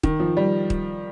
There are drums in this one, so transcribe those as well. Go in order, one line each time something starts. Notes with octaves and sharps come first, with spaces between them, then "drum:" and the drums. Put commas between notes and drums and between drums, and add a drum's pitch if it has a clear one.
D#3, drum: kick
F3
G3
drum: kick